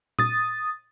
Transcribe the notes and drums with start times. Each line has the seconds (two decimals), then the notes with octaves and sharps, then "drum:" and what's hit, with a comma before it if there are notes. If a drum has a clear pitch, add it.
0.19 D#6 A6, drum: tom A#2